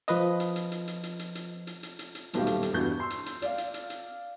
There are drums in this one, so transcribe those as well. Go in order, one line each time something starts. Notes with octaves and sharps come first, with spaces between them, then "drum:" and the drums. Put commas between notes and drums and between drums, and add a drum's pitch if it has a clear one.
F3 B4 D#5, drum: hi-hat
drum: hi-hat
drum: hi-hat
drum: hi-hat
drum: hi-hat
drum: hi-hat
drum: hi-hat
drum: hi-hat
drum: hi-hat
drum: hi-hat
drum: hi-hat
drum: hi-hat
D#1 B1 A3 G4 F5, drum: hi-hat
drum: hi-hat
drum: hi-hat
E2 G2 F#4 G6
C6 E6
drum: hi-hat
drum: hi-hat
D5 F5, drum: hi-hat
drum: hi-hat
drum: hi-hat
drum: hi-hat